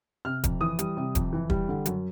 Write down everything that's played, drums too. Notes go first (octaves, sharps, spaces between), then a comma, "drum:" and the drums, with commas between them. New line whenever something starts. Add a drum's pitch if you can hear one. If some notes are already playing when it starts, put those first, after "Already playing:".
C3 F6
F2, drum: kick, hi-hat
E3 D#6
G3, drum: hi-hat
C3
F2, drum: kick, hi-hat
E3
G3, drum: kick
D3
F#2, drum: hi-hat